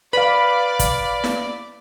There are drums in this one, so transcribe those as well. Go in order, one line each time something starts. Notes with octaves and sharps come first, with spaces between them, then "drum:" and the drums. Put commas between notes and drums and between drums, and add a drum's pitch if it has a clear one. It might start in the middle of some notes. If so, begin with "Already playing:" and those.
B4 D5 F5 B5
drum: kick, hi-hat
drum: snare E4